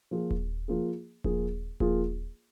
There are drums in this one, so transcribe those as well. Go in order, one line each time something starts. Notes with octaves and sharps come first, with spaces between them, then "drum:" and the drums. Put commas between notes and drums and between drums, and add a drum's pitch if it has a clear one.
F3 A#3 F4 G#4
drum: kick D#1
F3 A#3 F4 G#4
F3 A#3 F4 G#4, drum: kick D#1
F3 A#3 F4 G#4, drum: kick D#1